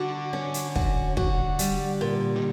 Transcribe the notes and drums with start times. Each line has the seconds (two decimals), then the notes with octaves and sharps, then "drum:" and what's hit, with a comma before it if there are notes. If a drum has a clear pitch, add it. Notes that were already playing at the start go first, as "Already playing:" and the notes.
Already playing: D3 F#4
0.33 C#4
0.54 drum: hi-hat
0.76 F#4, drum: kick
1.17 F#4, drum: kick
1.59 G3, drum: hi-hat
2.01 A#2
2.35 D#3